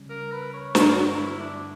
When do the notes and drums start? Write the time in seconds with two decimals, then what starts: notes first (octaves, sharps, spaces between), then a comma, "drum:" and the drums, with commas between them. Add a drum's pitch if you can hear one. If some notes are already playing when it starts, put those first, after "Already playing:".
Already playing: C#3 G3 C#4
0.10 A#4
0.32 B4
0.54 C#5
0.75 G2 D3 G3 A#4, drum: snare
0.96 F#4
1.18 E4
1.40 D4